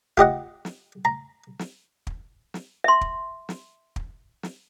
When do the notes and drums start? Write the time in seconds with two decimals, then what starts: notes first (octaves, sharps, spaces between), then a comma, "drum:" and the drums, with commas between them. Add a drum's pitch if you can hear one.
0.17 F4 G4 D#5 F#5, drum: kick
0.65 drum: snare
1.05 A#5
1.59 drum: snare
2.07 drum: kick
2.54 drum: snare
2.84 E5 C6
3.01 drum: kick
3.49 drum: snare
3.96 drum: kick
4.43 drum: snare